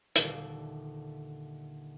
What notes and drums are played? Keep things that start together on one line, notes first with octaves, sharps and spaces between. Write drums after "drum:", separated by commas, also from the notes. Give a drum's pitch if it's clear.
D#1 D3 A4, drum: hi-hat